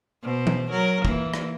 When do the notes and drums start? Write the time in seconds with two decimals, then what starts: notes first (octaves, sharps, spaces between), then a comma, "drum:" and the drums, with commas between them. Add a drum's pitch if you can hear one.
0.22 B2 C5
0.47 drum: tom
0.70 F#3 A#4
1.05 E3 A#3, drum: kick
1.34 drum: rim click